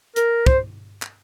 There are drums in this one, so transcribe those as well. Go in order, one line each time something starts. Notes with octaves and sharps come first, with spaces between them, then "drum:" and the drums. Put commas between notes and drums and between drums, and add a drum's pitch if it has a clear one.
A#4, drum: hi-hat
C5, drum: kick
drum: clap